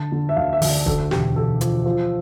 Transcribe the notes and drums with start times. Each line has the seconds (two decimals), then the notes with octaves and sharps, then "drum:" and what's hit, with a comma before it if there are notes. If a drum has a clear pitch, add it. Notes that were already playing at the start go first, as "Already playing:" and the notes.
Already playing: D3 A5
0.12 D3
0.29 E5
0.36 D2 F5
0.53 E5
0.62 D2, drum: open hi-hat
0.70 D5
0.86 D2 A4, drum: kick
1.11 E1 G4, drum: snare
1.36 E1 A4
1.61 F3, drum: hi-hat
1.86 F3